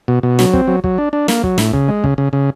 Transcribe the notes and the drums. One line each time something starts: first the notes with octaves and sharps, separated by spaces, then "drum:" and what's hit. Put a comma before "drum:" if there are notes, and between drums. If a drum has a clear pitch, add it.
B2
B2
F#3, drum: snare
C4, drum: kick
F#3
F#3, drum: kick
D4
D4
A#3, drum: snare
F#3, drum: kick
A2, drum: snare
C#3, drum: kick
G#3
C#3, drum: kick
C#3
C#3